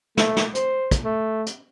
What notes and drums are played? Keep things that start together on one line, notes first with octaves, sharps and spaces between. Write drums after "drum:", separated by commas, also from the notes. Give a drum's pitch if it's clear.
A3, drum: snare
drum: snare
C5, drum: hi-hat
drum: kick, hi-hat
A3
drum: hi-hat